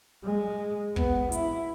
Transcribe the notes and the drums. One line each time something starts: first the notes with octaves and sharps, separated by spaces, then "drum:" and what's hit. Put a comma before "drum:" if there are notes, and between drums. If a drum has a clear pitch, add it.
G#3
B3, drum: kick
E4, drum: hi-hat